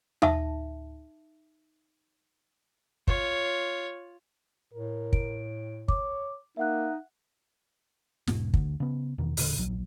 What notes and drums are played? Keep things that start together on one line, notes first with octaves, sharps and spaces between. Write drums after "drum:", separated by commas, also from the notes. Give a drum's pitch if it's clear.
D#4 E5 A5, drum: tom
F4 C#5, drum: kick
A2 A#4
D7, drum: kick
C#5 D6, drum: kick
A#3 D#4 E5 F#5 F#6
E1 G#2 B2, drum: snare
D2, drum: kick
C#3 B3
E2 B2 D#3
E1 A#2 D3, drum: open hi-hat
D1 A#1 F#3